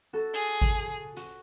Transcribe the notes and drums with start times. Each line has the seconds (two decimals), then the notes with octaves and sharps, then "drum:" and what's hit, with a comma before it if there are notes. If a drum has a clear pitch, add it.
0.13 F#4 A4
0.34 G#4
0.62 drum: kick G#1, hi-hat
1.17 F#4, drum: hi-hat